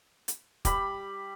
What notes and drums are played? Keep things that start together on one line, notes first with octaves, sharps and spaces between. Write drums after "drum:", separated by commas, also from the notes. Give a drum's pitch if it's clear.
drum: hi-hat
G3 B5, drum: kick, hi-hat